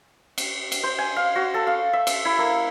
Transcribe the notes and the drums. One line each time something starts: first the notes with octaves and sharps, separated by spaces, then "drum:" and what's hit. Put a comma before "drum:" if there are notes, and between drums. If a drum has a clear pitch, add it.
drum: cymbal
drum: cymbal
C5
G#5
F5
F#4
A4
F5
E5
E5, drum: cymbal
E4
A#3